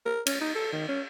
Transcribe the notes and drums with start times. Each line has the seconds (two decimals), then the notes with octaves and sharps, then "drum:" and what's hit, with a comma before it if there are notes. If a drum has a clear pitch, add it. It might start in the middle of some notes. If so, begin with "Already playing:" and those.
0.06 A#4
0.26 C#4, drum: cymbal
0.41 D#4
0.55 A4
0.72 D#3
0.88 C#4